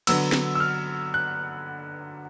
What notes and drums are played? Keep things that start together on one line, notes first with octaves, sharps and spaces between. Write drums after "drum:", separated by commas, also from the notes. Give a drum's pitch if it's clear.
D3 F#3 B3 E6, drum: cymbal
drum: snare
E6
F6
F#6